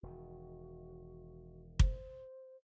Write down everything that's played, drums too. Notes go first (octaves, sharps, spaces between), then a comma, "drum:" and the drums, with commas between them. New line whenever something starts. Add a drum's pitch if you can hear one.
E1 D#3 F#4
C5, drum: kick